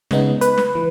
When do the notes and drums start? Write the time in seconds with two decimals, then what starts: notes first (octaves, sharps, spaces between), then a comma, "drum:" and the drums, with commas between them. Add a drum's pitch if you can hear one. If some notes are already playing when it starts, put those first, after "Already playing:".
0.11 C#3 G#3 B3 D#4, drum: snare
0.41 B4, drum: hi-hat
0.58 drum: snare
0.75 E3